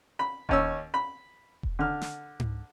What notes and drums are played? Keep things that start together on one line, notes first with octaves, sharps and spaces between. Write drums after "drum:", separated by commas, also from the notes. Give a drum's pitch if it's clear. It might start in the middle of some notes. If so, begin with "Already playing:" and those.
B5
D#2 C#4 E6, drum: kick E1
B5
drum: kick E1
D3 F6
drum: snare
drum: tom G#2